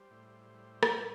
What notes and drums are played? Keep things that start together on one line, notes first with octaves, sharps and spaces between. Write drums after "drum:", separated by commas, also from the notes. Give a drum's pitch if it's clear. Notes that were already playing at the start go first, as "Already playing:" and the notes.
Already playing: G3 C5
A2
G3
drum: rim click
A2